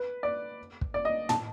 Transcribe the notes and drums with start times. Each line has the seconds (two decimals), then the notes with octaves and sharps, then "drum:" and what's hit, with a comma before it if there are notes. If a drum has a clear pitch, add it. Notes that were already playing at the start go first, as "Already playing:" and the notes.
Already playing: B4
0.23 D5
0.81 drum: kick
0.94 D5
1.05 D#5
1.29 A5, drum: tom